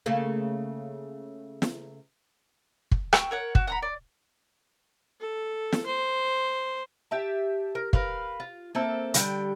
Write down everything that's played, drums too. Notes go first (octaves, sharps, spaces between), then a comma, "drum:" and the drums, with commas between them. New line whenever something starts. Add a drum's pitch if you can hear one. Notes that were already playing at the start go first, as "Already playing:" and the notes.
C#3 A3 A#3
drum: snare
drum: kick
G5 C#6 E6, drum: rim click
A#4 C#5 F#5
F#4, drum: kick
F#5 A#5 B5
D5
A4
drum: snare
C5
G4 E5 A5
A#4
A#4 B4 F5, drum: kick
F4
A#3 C4 A4 E5
D3 G3 G5, drum: hi-hat